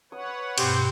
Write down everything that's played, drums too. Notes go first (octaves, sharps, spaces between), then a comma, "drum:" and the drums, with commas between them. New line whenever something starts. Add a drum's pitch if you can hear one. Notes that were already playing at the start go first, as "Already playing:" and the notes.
B4 C#5 F#5 D#6
G2 B2 C4 G4 C5 G5, drum: cymbal